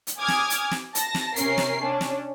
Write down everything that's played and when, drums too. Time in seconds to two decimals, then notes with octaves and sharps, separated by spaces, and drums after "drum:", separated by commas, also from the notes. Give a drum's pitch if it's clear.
0.07 drum: hi-hat
0.17 G#5 D6 D#6 F6 G#6
0.28 drum: snare
0.50 drum: hi-hat
0.71 drum: snare
0.95 A5 A#6, drum: hi-hat
1.15 drum: snare
1.36 C3 C#4 A#4 C7, drum: hi-hat
1.58 drum: snare
1.81 C#4 D4
2.01 drum: snare